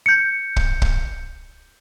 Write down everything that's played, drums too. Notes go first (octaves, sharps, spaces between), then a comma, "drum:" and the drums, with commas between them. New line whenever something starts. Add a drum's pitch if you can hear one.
G6 C#7
drum: kick
drum: kick